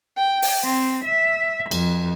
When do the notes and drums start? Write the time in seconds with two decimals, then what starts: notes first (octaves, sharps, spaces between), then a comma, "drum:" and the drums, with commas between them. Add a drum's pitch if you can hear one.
0.16 G5
0.42 drum: open hi-hat
0.63 C4
1.06 E5
1.71 F2, drum: cymbal